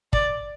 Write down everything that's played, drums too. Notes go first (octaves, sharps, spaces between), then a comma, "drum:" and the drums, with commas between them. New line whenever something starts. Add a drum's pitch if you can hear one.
D5, drum: kick